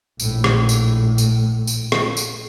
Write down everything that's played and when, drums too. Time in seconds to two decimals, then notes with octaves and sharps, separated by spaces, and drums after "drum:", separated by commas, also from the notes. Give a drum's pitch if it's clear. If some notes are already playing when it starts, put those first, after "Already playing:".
0.20 A#1 A2, drum: tambourine
0.44 drum: rim click
0.69 drum: tambourine
1.18 drum: tambourine
1.67 drum: tambourine
1.92 drum: rim click
2.17 drum: tambourine